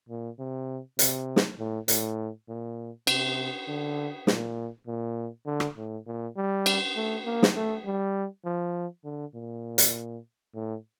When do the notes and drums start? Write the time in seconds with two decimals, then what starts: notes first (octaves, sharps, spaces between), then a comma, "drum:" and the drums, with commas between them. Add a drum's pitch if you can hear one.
0.09 A#2
0.39 C3
0.99 C3, drum: hi-hat
1.36 drum: snare
1.59 A2
1.88 A2, drum: hi-hat
2.49 A#2
3.07 C3, drum: cymbal
3.68 D3
4.27 A#2, drum: snare
4.87 A#2
5.46 D3
5.60 drum: rim click
5.77 A2
6.07 A#2
6.36 G3
6.66 drum: cymbal
6.96 A3
7.25 A#3
7.43 drum: snare
7.55 A3
7.85 G3
8.45 F3
9.04 D3
9.34 A#2
9.78 drum: hi-hat
10.54 A2